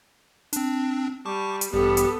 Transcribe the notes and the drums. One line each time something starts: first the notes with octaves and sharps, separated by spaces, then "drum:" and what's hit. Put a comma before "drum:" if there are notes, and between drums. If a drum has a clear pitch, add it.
C4 D4, drum: hi-hat
G3 A5 C#6 D6
drum: hi-hat
A1 G2 G3 B3 G4 A4
drum: hi-hat